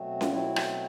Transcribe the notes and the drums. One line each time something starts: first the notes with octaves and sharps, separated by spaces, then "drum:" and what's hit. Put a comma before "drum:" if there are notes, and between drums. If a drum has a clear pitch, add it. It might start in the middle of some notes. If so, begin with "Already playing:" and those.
Already playing: B2 F#3 A3 C4
F4, drum: snare C#4
B2 F#3 A3 C4 E4
drum: rim click